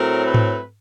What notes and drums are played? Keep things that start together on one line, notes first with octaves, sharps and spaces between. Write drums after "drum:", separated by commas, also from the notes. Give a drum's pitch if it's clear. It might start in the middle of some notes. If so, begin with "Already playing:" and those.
Already playing: A2 F#3 A3 C4 A#4
B4
drum: tom G#2